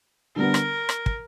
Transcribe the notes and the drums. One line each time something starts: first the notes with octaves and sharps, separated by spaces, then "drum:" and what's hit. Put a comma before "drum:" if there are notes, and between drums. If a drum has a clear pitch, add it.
D3 G3 B3 A#4
drum: rim click
drum: rim click
drum: kick